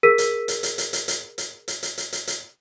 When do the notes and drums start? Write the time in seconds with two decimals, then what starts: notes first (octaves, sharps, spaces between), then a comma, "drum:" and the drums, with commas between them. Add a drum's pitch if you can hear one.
0.03 G#4 A#4 E6 B6 D#7
0.18 drum: hi-hat
0.48 drum: hi-hat
0.63 drum: hi-hat
0.78 drum: hi-hat
0.93 drum: hi-hat
1.08 drum: hi-hat
1.38 drum: hi-hat
1.68 drum: hi-hat
1.83 drum: hi-hat
1.98 drum: hi-hat
2.12 drum: hi-hat
2.27 drum: hi-hat